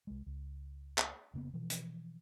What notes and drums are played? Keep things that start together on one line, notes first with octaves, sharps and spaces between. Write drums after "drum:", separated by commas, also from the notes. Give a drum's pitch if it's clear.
C2 G#3
C#2
drum: clap
F1 C#3 A#3 B3
B2 E3 F3
drum: hi-hat